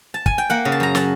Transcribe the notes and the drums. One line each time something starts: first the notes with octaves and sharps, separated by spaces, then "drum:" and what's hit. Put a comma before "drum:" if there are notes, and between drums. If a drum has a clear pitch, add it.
A5
G#5, drum: kick
G5
A#3 F#5
C#3
A5
F#2 A#5
F#3 A5, drum: snare